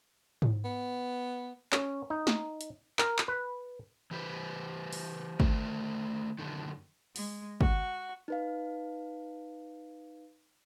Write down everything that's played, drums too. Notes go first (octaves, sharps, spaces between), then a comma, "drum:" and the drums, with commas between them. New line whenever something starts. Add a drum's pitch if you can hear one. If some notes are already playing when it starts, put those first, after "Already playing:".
drum: tom G#2
B3
C#4, drum: clap
D#4
drum: snare
drum: hi-hat
A#4, drum: clap
drum: clap
B4
E3 G4 B4 C5
drum: open hi-hat
D#3 A3 C5, drum: kick
F#2 D3 D#3
G#3, drum: open hi-hat
F#4, drum: kick
D#4 B4 F5